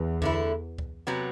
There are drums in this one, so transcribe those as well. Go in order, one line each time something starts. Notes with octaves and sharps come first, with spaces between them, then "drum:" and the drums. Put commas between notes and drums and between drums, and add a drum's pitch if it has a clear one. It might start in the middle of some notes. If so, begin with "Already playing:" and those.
Already playing: E2
D3 A3 E4, drum: kick C#2
drum: kick C#2
C3 F#3 B3